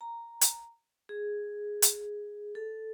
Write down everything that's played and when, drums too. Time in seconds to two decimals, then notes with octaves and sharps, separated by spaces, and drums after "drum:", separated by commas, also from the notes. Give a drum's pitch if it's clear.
0.01 A#5
0.41 drum: hi-hat
1.09 G#4
1.82 drum: hi-hat
2.55 A4